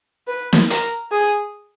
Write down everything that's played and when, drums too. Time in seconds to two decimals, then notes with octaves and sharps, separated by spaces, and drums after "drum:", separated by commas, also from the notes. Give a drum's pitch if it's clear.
0.28 B4
0.53 drum: snare
0.70 A#4, drum: hi-hat
1.12 G#4